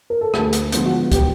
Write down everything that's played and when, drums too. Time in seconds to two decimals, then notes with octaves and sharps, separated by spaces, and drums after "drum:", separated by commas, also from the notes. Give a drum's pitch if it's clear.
0.10 A#4
0.21 A4
0.34 D2 G#4, drum: rim click
0.53 drum: hi-hat
0.72 D3 F3 G#3 B3 F4, drum: hi-hat
0.85 F#4
1.12 G4, drum: kick, hi-hat